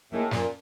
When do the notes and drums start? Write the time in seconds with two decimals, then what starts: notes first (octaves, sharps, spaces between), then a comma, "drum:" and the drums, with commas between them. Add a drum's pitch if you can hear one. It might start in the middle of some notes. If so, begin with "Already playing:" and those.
0.12 A2 A#3 D#4 G#4 C#5
0.31 F#2 A#2, drum: snare